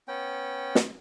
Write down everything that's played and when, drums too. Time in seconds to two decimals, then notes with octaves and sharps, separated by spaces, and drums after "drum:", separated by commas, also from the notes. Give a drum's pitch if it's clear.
0.08 B3 C#4 G5
0.75 drum: snare